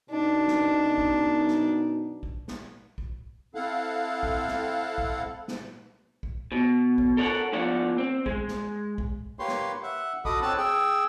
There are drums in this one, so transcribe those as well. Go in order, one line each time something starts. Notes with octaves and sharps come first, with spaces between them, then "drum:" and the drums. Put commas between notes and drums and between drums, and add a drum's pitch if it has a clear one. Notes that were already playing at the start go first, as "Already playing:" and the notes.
F#2 B2 D4 D#4
drum: snare
drum: kick
drum: snare
drum: kick
drum: snare
drum: kick
C4 E4 A4 F5 F#5
drum: kick
drum: snare
drum: kick
drum: snare
drum: kick
B2
drum: kick
A4 A#4 C#5 D5 F#5
E2 F3 A#3 C#5 D5 F#5
C4
G#3, drum: kick
drum: snare
drum: kick
A#3 G4 B4 C#5 C6
drum: snare
E5 F#5
F#4 A4 D#5 B5 D6 D#6, drum: kick
C4 C#5 A5 D6 E6 F#6
G#4 G5 E6